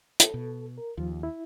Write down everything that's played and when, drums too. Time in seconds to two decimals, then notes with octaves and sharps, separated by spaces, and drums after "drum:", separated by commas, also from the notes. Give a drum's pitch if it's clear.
0.20 A4, drum: hi-hat
0.34 B2
0.78 A#4
0.97 D#2 F3 F4
1.23 E4